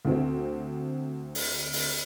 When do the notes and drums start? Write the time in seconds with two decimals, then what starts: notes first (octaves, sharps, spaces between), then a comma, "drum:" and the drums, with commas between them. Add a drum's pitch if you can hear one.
0.05 D2 C4
1.35 drum: open hi-hat
1.73 drum: open hi-hat